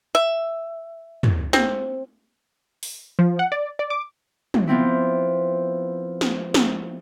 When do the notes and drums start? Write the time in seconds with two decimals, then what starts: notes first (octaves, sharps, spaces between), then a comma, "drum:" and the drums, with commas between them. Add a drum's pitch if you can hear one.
0.15 E5
1.23 drum: tom
1.53 C4, drum: snare
2.83 drum: open hi-hat
3.19 F3
3.39 F#5
3.52 D5
3.79 D5
3.90 D6
4.54 drum: tom
4.67 F3 B3 C4 E4
6.21 drum: snare
6.54 drum: snare